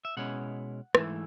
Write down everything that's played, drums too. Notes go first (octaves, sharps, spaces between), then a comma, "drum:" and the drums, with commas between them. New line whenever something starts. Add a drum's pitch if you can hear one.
E5
B2 G#3 C#4 E4 F#5
G#2 E3 A3 E4, drum: rim click